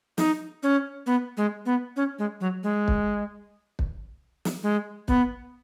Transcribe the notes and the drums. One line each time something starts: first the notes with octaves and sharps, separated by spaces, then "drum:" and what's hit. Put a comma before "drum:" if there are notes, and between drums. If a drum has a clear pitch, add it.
D#4, drum: snare
C#4
B3
G#3
B3
C#4
G#3
F#3
G#3
drum: kick
drum: kick
drum: snare
G#3
B3, drum: kick